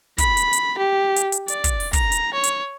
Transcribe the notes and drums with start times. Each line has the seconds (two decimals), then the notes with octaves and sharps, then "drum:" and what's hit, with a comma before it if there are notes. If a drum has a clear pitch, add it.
0.18 B5, drum: kick, hi-hat
0.37 drum: hi-hat
0.53 drum: hi-hat
0.78 G4
1.16 drum: hi-hat
1.32 drum: hi-hat
1.48 D5, drum: hi-hat
1.64 drum: kick, hi-hat
1.80 drum: open hi-hat
1.93 A#5, drum: kick, hi-hat
2.12 drum: hi-hat
2.33 C#5
2.44 drum: hi-hat